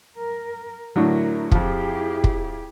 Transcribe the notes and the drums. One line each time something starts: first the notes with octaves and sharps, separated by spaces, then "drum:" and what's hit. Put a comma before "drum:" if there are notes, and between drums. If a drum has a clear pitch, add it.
A#4
A2 D3 F#3 E4 A#4
F2 F3 E4 G4 G#4, drum: kick
drum: kick